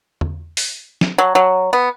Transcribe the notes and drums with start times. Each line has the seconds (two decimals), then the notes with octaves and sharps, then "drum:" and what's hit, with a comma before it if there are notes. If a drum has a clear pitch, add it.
0.21 drum: tom E2
0.57 drum: open hi-hat
1.01 drum: snare
1.18 F#3
1.35 F#3
1.73 B3